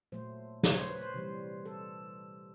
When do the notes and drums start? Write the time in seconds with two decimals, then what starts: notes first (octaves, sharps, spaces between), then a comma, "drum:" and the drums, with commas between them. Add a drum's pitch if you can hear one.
0.12 A#2 F#3 A3 C5
0.63 C#5, drum: snare
0.76 C5
0.89 B4
1.01 C5
1.14 C3 E3 G3
1.65 A4